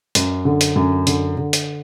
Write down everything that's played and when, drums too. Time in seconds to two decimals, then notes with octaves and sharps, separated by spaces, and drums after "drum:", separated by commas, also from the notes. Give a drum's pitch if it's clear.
0.15 F#2, drum: hi-hat
0.45 D3
0.61 drum: hi-hat
0.76 F#2
1.07 D3, drum: hi-hat
1.37 D3
1.53 drum: hi-hat